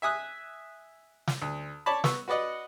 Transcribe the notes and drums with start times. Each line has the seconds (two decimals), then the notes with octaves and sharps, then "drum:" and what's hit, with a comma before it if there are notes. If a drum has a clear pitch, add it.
0.02 E5 G#5 D#6 F#6
1.27 drum: snare
1.42 D2
1.86 C#5 D5 A5 B5
2.04 B3 C#6 E6, drum: snare
2.28 F#4 B4 D5 D#5 F#5